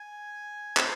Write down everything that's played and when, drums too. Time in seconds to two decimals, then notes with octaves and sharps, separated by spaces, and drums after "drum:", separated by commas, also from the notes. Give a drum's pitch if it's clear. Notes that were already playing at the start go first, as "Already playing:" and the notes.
Already playing: G#5
0.77 C5, drum: clap